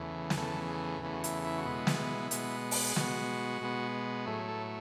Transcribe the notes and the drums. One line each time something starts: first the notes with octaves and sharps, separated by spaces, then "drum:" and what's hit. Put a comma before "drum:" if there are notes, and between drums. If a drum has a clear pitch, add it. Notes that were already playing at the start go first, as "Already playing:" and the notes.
Already playing: E2 C#3 E3 A3
G#4, drum: snare
E2 C#3 E3 A3 A4
G#4
E2 C#3 E3 A3
F#4
E4, drum: hi-hat
E4
F#4
B2 G#3 B3 E4
drum: snare
B2 G#3 B3, drum: hi-hat
drum: open hi-hat
G#4
B2 G#3 B3 F#4, drum: snare
B2 G#3 B3
A2 F#3 A3 G#4
A4